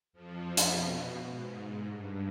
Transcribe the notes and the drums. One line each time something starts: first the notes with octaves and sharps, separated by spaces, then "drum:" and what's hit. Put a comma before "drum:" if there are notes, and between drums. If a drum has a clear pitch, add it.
F2 F3
drum: hi-hat
B2
G#2
G#2
G2